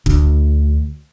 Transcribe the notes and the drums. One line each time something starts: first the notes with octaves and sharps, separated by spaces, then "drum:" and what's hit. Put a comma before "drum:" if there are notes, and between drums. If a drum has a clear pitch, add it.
D2, drum: kick